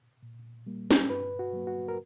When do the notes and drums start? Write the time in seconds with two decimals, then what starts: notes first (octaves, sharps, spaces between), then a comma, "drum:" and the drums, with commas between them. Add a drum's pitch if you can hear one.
0.23 A#2
0.66 G3 A#3
0.91 drum: snare
1.10 G2 B4
1.39 F#4
1.53 F#3 A#3
1.67 F#4
1.88 A#4